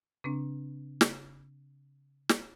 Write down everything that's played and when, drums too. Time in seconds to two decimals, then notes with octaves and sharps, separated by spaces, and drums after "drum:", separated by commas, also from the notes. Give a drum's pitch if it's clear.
0.24 C#3 C4 D4
1.01 drum: snare
2.29 drum: snare